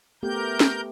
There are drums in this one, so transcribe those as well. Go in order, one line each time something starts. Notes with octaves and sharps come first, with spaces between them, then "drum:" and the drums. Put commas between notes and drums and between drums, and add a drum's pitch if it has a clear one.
A3 B3 G4 A#4 G6
drum: snare